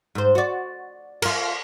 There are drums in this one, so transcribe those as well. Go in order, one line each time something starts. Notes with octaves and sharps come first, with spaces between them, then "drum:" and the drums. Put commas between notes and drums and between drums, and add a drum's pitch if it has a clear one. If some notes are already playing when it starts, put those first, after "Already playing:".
G#2 C5
F#4 D5
F4 A#4, drum: cymbal